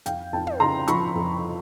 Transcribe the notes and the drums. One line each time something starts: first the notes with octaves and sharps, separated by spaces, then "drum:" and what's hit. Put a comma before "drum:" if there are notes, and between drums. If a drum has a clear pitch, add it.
F2 F5 G5, drum: hi-hat
F2 G5 A5
drum: tom
C#3 A#5 C6
F3 B5 C#6, drum: hi-hat
F2